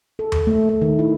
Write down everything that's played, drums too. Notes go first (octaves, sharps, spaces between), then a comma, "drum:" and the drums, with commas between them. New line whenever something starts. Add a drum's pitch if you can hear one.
A4
drum: tom D#2
A3
A3
D#3
E4